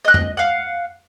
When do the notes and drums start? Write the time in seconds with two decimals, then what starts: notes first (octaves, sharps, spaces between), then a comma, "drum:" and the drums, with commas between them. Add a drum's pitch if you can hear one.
0.05 D#5 F#6
0.14 drum: tom F2
0.37 F5 F#5